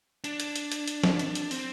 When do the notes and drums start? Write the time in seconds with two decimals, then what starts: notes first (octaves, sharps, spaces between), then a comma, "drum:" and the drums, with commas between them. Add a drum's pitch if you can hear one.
0.24 D4, drum: hi-hat
0.40 drum: hi-hat
0.56 drum: hi-hat
0.72 drum: hi-hat
0.88 drum: hi-hat
1.03 drum: snare
1.19 drum: hi-hat
1.35 drum: hi-hat
1.51 C4, drum: open hi-hat